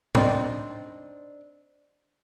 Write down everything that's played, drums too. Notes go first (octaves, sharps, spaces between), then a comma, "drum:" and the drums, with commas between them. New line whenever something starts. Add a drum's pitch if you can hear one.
C4 D4 D#4 D5 D#5, drum: tom